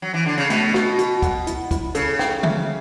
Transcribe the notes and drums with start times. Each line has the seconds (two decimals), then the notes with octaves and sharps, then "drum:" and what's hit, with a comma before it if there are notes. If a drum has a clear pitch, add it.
0.02 F#3
0.14 E3
0.26 D3
0.38 C#3
0.50 B2 A3, drum: hi-hat
0.74 F#4, drum: snare
0.99 F#4, drum: hi-hat
1.22 F#5, drum: kick, hi-hat
1.47 E4, drum: hi-hat
1.71 E4, drum: kick, hi-hat
1.95 C#3 A4, drum: hi-hat
2.19 G5, drum: snare
2.43 E5, drum: tom D3